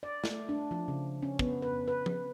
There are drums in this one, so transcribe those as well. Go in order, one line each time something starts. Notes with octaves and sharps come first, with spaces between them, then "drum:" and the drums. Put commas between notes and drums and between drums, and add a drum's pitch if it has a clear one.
D5
A3, drum: snare
D4
F3
C#3
C#4
B3, drum: kick
B4
B4
drum: tom F3